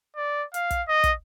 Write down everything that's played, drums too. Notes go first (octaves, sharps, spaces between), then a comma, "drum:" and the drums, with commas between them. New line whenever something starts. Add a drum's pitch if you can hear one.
D5
F5, drum: hi-hat
drum: kick, hi-hat
D#5
drum: kick, hi-hat